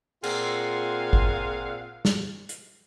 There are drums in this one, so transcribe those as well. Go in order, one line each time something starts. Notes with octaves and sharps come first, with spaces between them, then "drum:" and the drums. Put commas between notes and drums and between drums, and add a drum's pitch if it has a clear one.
A#2 C4 F4 G#4 F5 F#5, drum: cymbal
drum: kick G#1
drum: snare
drum: hi-hat